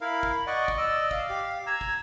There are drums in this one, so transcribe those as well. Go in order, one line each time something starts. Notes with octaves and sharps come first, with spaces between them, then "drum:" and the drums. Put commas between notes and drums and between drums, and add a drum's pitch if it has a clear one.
E4 A#4 F5 B5
drum: kick
D5 D#5 F#5 C#6
drum: kick
D5 D#5 E6
F5, drum: kick
G4
A#5 E6 G#6
drum: kick